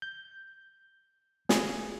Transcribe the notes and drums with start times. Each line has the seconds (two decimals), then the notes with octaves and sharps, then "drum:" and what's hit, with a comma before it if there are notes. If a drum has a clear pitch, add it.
0.02 G6
1.49 G#4, drum: snare